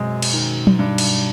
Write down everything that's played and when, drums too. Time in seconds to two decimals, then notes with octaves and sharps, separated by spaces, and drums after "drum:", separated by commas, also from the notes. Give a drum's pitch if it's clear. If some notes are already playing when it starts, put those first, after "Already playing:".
Already playing: F#2 B2 G#3 C4
0.22 drum: cymbal
0.33 D#3
0.67 drum: tom
0.79 G2
0.98 drum: cymbal